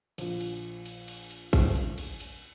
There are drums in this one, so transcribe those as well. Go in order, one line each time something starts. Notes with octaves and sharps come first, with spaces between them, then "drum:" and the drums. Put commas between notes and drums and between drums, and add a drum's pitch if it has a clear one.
A#1 F3, drum: cymbal
drum: cymbal
drum: cymbal
drum: cymbal
drum: cymbal
drum: kick, cymbal
drum: cymbal
drum: cymbal
drum: cymbal